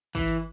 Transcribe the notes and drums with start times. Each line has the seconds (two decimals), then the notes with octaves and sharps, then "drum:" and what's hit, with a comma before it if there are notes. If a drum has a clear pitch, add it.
0.15 E3, drum: kick, hi-hat
0.28 drum: hi-hat